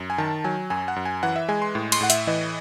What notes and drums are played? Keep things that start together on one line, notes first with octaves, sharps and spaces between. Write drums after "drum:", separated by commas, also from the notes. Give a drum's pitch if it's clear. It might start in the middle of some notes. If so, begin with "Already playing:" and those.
Already playing: F#2
G#5
D#3 A5
F#3 G#5
F#2 G#5
F#5
F#2
G#5
E3 F#5
E5
G#3 G#5
C6
A2
C6, drum: cymbal
A2 F#5
E5, drum: hi-hat
E3 D#5